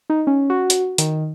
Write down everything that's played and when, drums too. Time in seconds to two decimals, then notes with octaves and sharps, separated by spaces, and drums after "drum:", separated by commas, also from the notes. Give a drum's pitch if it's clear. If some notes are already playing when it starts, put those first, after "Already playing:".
0.10 D#4
0.27 C#4
0.50 F#4
0.70 drum: hi-hat
0.98 D#3, drum: hi-hat